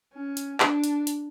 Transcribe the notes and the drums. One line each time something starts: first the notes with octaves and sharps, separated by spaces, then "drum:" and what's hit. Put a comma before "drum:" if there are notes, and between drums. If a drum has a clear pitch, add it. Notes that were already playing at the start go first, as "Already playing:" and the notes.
C#4
drum: hi-hat
D4, drum: clap
drum: hi-hat
drum: hi-hat